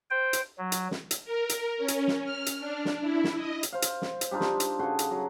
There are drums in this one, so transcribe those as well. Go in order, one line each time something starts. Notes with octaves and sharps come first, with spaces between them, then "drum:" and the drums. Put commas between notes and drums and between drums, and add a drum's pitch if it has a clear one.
C5 G5
drum: hi-hat
F#3
drum: hi-hat
drum: snare
drum: hi-hat
A#4
drum: hi-hat
C#4
drum: hi-hat
drum: snare
F6
drum: hi-hat
D4
drum: snare
E4
drum: snare
D#5
drum: hi-hat
C5 F5
drum: hi-hat
drum: snare
drum: hi-hat
G3 D4 D#4 F4
drum: snare
drum: hi-hat
C#3 F#4 A4 C6
drum: hi-hat
F#3